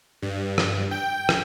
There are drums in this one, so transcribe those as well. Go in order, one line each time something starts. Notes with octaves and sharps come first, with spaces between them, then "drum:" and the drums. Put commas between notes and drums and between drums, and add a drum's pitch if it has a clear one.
G2
drum: rim click
G5
drum: rim click